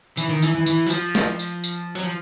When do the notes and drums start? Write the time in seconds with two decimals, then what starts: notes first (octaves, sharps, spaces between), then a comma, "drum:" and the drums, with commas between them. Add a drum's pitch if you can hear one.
0.17 E3, drum: tambourine
0.29 D#3
0.42 E3, drum: tambourine
0.55 E3
0.66 E3, drum: tambourine
0.86 F#3
0.90 F3, drum: tambourine
1.15 drum: snare A3
1.39 drum: tambourine
1.64 drum: tambourine
1.95 F#3
2.03 F3